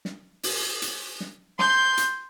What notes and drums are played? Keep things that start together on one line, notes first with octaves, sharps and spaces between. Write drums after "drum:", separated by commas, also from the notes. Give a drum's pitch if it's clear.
drum: snare
drum: open hi-hat
drum: hi-hat
drum: snare
C6 G6, drum: snare
drum: hi-hat